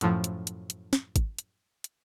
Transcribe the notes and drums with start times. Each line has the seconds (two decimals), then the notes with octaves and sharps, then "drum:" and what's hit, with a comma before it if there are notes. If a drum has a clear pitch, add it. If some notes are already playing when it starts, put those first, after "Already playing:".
0.01 F#2 A2 F3, drum: hi-hat
0.24 drum: hi-hat
0.47 drum: hi-hat
0.70 drum: hi-hat
0.93 drum: snare
1.16 drum: kick G#1, hi-hat
1.38 drum: hi-hat
1.84 drum: hi-hat